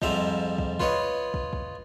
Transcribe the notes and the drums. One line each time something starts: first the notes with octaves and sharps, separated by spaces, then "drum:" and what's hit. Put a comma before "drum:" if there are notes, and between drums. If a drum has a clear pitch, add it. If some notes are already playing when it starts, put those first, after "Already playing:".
F2 G#2 F3 G3 E5 A#5, drum: kick
drum: kick
F4 B4 C#5 D#5, drum: kick
drum: kick
drum: kick